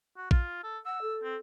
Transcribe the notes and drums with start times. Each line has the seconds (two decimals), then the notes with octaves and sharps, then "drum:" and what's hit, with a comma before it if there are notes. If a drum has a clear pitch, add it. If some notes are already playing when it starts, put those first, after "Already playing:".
0.17 F#4
0.31 F4, drum: kick
0.64 A4
0.86 F#5 E6
1.01 A4
1.23 C4